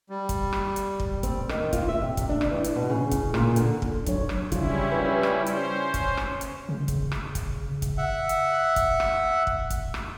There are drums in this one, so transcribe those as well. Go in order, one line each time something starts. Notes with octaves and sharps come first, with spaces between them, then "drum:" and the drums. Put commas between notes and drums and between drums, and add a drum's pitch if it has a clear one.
G3
drum: kick, hi-hat
drum: rim click
drum: hi-hat
drum: kick
C4, drum: kick, hi-hat
D#3, drum: rim click
F4, drum: kick, hi-hat
E5
C3
drum: kick, hi-hat
D4
drum: rim click
E3
drum: hi-hat
B2
C#3
drum: kick, hi-hat
A#2, drum: rim click
D3, drum: hi-hat
drum: kick
F#3 D4 C#5, drum: kick, hi-hat
drum: rim click
C#3 F3 G3 C#4 E4 F4, drum: kick, hi-hat
F4 B4
drum: rim click
C#4 C5, drum: hi-hat
drum: kick, hi-hat
drum: rim click
drum: hi-hat
C#3
drum: kick, hi-hat
drum: rim click
drum: kick, hi-hat
drum: kick, hi-hat
E5 F#5
drum: hi-hat
drum: kick, hi-hat
drum: rim click
drum: kick
drum: kick, hi-hat
drum: rim click